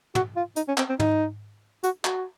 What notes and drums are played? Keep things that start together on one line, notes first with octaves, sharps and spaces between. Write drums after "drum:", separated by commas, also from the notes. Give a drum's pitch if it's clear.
F#4, drum: tom
F4
D#4, drum: hi-hat
C#4
C4, drum: clap
C4
D#4, drum: tom
F#4, drum: hi-hat
F#4, drum: clap